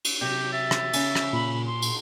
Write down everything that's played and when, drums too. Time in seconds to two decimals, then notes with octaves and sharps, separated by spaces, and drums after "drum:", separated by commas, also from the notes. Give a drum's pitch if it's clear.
0.05 drum: cymbal
0.21 C3 F#3 G4
0.52 E5 A6
0.71 drum: rim click
0.93 C#3 C#4, drum: cymbal
1.15 drum: rim click
1.33 A#2 B5
1.66 C6
1.82 drum: cymbal